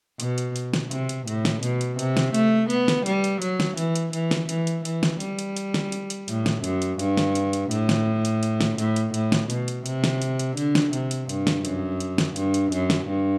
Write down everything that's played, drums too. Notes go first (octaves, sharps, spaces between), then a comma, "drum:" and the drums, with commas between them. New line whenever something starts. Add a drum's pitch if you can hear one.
B2, drum: hi-hat
drum: hi-hat
drum: hi-hat
drum: snare
C3, drum: hi-hat
drum: hi-hat
A2, drum: hi-hat
drum: snare
B2, drum: hi-hat
drum: hi-hat
C3, drum: hi-hat
drum: snare
A3, drum: hi-hat
B3, drum: hi-hat
drum: snare
G3, drum: hi-hat
drum: hi-hat
F#3, drum: hi-hat
drum: snare
E3, drum: hi-hat
drum: hi-hat
E3, drum: hi-hat
drum: snare
E3, drum: hi-hat
drum: hi-hat
E3, drum: hi-hat
drum: snare
G3, drum: hi-hat
drum: hi-hat
drum: hi-hat
drum: snare
drum: hi-hat
drum: hi-hat
A2, drum: hi-hat
drum: snare
F#2, drum: hi-hat
drum: hi-hat
G2, drum: hi-hat
drum: snare
drum: hi-hat
drum: hi-hat
A2, drum: hi-hat
drum: snare
drum: hi-hat
drum: hi-hat
drum: snare
A2, drum: hi-hat
drum: hi-hat
A2, drum: hi-hat
drum: snare
B2, drum: hi-hat
drum: hi-hat
C3, drum: hi-hat
drum: snare
drum: hi-hat
drum: hi-hat
D3, drum: hi-hat
drum: snare
C3, drum: hi-hat
drum: hi-hat
G2, drum: hi-hat
drum: snare
F#2, drum: hi-hat
drum: hi-hat
drum: snare
G2, drum: hi-hat
drum: hi-hat
F#2, drum: hi-hat
drum: snare
G2